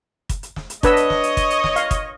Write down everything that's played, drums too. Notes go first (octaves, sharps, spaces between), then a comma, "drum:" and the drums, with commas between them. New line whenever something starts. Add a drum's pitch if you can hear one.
drum: kick, hi-hat
drum: hi-hat
drum: snare
drum: hi-hat
D4 B4 C#5 D#5 E6, drum: kick, hi-hat
drum: hi-hat
drum: snare
drum: hi-hat
drum: kick, hi-hat
drum: hi-hat
drum: snare
F5, drum: hi-hat
drum: kick, hi-hat